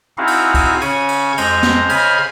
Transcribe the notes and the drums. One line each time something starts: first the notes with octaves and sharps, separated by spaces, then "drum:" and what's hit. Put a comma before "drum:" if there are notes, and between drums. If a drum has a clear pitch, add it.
C4 D#4 E4 F#4 G#4 F5
drum: cymbal
drum: kick, cymbal
C#3 C#4 G#5 C#6 G#6, drum: cymbal
drum: cymbal
F2 G#3 C5 A#5, drum: cymbal
drum: snare
C#3 C5 D#5 B5 F6 G#6, drum: cymbal